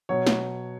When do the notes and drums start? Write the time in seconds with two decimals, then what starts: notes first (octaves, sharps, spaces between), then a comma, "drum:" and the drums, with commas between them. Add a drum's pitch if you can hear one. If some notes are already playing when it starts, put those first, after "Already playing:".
0.09 B2 F#3 C#5
0.27 drum: snare